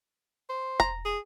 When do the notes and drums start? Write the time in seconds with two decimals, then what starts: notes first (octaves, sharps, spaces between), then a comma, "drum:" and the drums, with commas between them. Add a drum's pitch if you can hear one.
0.50 C5
0.80 A#5, drum: kick E1
1.05 G#4